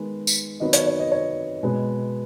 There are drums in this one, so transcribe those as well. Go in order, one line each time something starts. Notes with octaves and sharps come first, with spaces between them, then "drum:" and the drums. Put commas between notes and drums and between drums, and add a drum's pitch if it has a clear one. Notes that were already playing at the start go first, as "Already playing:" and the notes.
Already playing: D#3 G#3 B3
drum: tambourine
D#3 F#3 B3 D#5
C#5, drum: hi-hat
C#5
D#5
C#5
B2 G#3 B3